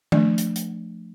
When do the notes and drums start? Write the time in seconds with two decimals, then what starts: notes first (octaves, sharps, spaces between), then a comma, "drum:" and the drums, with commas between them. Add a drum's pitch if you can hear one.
0.12 F3 A3 D4 D5, drum: tom D#3
0.38 drum: hi-hat
0.56 drum: hi-hat